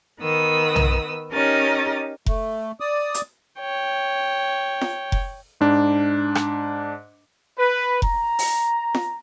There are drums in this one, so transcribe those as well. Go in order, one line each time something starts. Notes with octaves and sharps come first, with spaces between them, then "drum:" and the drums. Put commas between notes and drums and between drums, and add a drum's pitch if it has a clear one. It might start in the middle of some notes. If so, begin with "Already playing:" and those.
D#3 B3 D#6 E6
drum: tom B1
C#4 D#4 G4 A#4 D#6 A6
A3, drum: kick F1
D5 D#6
drum: hi-hat
C#5 G5
drum: snare
drum: kick F1
G#2 D4
drum: rim click
B4
A#5, drum: kick F1
drum: open hi-hat
drum: snare